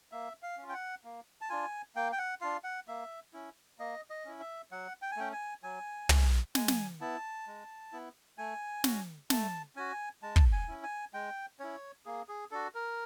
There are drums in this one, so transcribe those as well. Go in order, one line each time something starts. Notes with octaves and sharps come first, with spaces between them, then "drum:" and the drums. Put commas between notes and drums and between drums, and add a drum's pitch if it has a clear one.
A#3 E5
F5
C#4
F4
G5
F#5
A#3
A5
D4 F4 G#5
A#3 G5
G5
F#5
D4 F4 F5
F#5
A#3 E5
C#4 E4
A#3 D#5
D#5
C#4 E4
E5
F#3 F#5
G5
G#5
A3 C#4 G5
G#5
F#3 G#5
A3 C#4, drum: tom
G#3 G#5, drum: snare
drum: snare
B3 E4 A5
G#3
B3 E4
A3 G#5
C#4 F#4, drum: snare
A3 A5, drum: snare
C#4 F#4 G#5
G#3 A5
drum: kick
G#5
C#4 E4
G#5
G#3 G5
C#4 E4 C#5
A#3 G#4
G#4
D4 F#4 A4
A#4